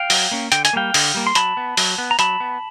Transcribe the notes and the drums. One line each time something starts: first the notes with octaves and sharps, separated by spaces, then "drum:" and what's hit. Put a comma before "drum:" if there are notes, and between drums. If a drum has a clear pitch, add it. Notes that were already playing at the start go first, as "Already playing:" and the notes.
Already playing: F5 G5
F#3, drum: open hi-hat
A#3 C#4
D3 G5, drum: hi-hat
G#5, drum: hi-hat
G3 A#3 F5 G5
D3, drum: open hi-hat
G3 A#3
C6
F#3 A5 B5, drum: hi-hat
B3
F#3, drum: open hi-hat
B3
A#5
F#3 A5 B5, drum: hi-hat
B3